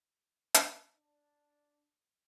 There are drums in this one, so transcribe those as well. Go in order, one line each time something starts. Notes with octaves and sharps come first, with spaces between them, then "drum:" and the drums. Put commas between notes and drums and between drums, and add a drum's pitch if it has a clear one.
drum: hi-hat
D4